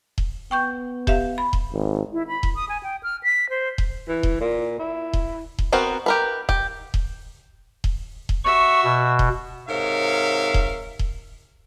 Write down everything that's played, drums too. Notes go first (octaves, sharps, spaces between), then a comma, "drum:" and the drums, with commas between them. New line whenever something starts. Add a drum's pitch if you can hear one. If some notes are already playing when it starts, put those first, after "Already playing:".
drum: kick D#1
B3 G5 C#6 G6
G4 E5 F5, drum: kick D#1
B5
drum: kick D#1
G#1
E4
B5
drum: kick D#1
D#6
G#5
G5
F6
B6
C5
drum: kick D#1
E3
drum: kick D#1
A#2
E4
drum: kick D#1
drum: kick D#1
B3 C4 F#4 A#4
G4 A#4 B4
G4, drum: kick D#1
drum: kick D#1
drum: kick D#1
drum: kick D#1
F#4 E5 C#6
B2
drum: kick D#1
G#2 C3 A#4 C#5 E5 F5
drum: kick D#1
drum: kick D#1